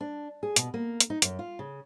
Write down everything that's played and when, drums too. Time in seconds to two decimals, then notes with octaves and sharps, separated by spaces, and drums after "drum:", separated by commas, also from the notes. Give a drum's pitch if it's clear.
0.01 D4
0.43 G#4
0.56 B2, drum: hi-hat
0.74 A#3
1.00 drum: hi-hat
1.10 D#4
1.22 F#2, drum: hi-hat
1.39 F4
1.59 C#3